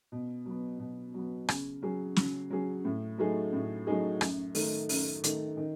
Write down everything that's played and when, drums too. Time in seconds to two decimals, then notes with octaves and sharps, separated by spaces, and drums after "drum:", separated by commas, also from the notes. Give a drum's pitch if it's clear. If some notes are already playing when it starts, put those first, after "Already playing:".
0.12 B2
0.45 F#3 B3
0.79 B2
1.14 F#3 B3
1.49 C#3, drum: rim click
1.82 F#3 C#4 G#4
2.16 C#3, drum: snare
2.50 F#3 C#4 G#4
2.85 A2
3.18 F#3 A3 D#4 G#4
3.53 A2
3.87 F#3 A3 D#4 G#4
4.21 F#2, drum: rim click
4.55 D#3 A3, drum: open hi-hat
4.89 F#2, drum: open hi-hat
5.24 D#3 A3, drum: hi-hat
5.57 D#3